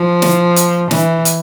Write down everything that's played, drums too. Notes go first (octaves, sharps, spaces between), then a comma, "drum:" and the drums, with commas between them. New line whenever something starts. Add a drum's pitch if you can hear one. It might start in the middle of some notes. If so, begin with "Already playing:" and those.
Already playing: F3
drum: snare
drum: hi-hat
E3, drum: snare
drum: hi-hat